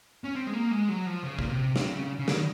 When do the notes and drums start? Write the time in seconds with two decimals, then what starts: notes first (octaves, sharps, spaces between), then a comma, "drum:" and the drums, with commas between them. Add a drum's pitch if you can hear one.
0.25 C#4
0.36 C4
0.47 G#3
0.54 A#3
0.71 G#3
0.88 F#3
1.06 F3
1.23 C#3
1.39 A#2, drum: kick
1.50 C3
1.76 C3, drum: snare
1.93 C#3
2.19 C#3
2.28 D#3, drum: snare